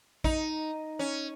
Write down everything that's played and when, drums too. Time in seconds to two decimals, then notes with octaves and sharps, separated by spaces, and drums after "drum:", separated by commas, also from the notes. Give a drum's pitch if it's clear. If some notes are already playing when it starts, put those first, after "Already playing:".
0.24 D#4, drum: kick
0.99 C#4